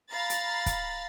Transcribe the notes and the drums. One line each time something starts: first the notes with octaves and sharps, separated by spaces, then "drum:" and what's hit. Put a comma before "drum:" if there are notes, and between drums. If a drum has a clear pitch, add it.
F5 A#5 B5 A6
drum: hi-hat
drum: kick, hi-hat